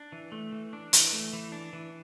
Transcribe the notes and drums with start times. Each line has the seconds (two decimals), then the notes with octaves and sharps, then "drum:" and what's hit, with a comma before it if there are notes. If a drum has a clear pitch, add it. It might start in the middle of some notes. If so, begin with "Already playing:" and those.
Already playing: D4
0.12 E3
0.32 A3
0.52 E3
0.73 D4
0.93 E3, drum: hi-hat
1.13 A3
1.33 E3
1.52 D4
1.73 E3